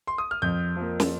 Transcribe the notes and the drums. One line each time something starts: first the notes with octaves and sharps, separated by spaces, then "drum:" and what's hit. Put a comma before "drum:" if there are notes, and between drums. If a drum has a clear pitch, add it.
C6
D#6
F6
F2 G6
F3 A#3
drum: snare